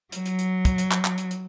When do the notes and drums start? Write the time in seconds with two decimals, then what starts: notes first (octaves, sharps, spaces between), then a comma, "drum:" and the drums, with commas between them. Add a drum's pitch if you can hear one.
0.12 F#3, drum: hi-hat
0.26 drum: hi-hat
0.39 drum: hi-hat
0.65 drum: kick, hi-hat
0.78 drum: hi-hat
0.91 drum: clap
1.05 drum: clap
1.18 drum: hi-hat
1.31 drum: hi-hat